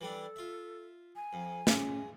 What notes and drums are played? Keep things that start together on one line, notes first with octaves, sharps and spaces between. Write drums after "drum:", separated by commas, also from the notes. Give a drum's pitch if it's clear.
E3 G3 D4 A4
F4 E5
G#5
F2
G#3 C#4, drum: snare